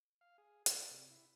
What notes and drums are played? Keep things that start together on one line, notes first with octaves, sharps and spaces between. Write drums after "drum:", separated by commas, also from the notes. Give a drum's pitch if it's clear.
F5
G#4
D5, drum: hi-hat
C3
E4